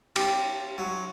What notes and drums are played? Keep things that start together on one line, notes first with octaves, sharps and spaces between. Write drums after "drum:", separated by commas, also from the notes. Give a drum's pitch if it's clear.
G4, drum: cymbal
F#3